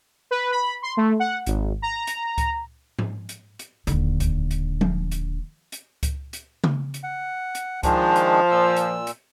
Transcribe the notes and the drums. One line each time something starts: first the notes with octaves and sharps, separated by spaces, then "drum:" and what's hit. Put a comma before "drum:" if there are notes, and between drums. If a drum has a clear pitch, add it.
B4
B5
C6
A3
F#5
G#1, drum: hi-hat
A#5
drum: hi-hat
drum: kick C#2, hi-hat
drum: tom G#2
drum: hi-hat
drum: hi-hat
D#1 D3, drum: hi-hat
drum: kick C#2, hi-hat
drum: hi-hat
drum: tom F3
drum: hi-hat
drum: hi-hat
drum: kick C#2, hi-hat
drum: hi-hat
drum: tom C#3
drum: hi-hat
F#5
drum: hi-hat
D#3 F3 G#3 D4, drum: kick C#2, hi-hat
drum: hi-hat
A#2 E6
drum: hi-hat
drum: hi-hat